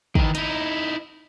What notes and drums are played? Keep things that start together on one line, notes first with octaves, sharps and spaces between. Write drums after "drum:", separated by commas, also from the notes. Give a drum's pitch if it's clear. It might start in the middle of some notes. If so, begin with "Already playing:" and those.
D#3 E3, drum: kick
D#4 E4, drum: hi-hat